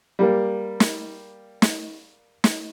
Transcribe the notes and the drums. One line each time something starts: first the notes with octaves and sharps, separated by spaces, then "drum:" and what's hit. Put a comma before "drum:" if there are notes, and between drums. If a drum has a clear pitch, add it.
G3 A#3
drum: snare
drum: snare
drum: snare